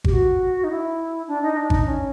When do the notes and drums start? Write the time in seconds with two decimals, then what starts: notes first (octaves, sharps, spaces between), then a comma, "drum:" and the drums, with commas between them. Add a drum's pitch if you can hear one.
0.04 G4, drum: kick G#1
0.12 F#4
0.63 D#4
0.70 E4
1.27 D4
1.42 D#4
1.56 D4
1.70 D#4, drum: kick G#1
1.85 C#4